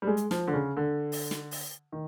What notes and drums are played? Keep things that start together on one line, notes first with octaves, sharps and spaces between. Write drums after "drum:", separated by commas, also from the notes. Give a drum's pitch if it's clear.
G3
G#3
drum: hi-hat
F3, drum: snare
D3
C#3
D3
drum: open hi-hat
drum: snare
drum: open hi-hat
D#3